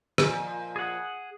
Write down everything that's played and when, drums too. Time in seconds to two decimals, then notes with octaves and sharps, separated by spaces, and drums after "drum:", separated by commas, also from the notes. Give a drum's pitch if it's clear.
0.18 A#2 F3 D#5 G#5, drum: rim click
0.76 G#4 F#5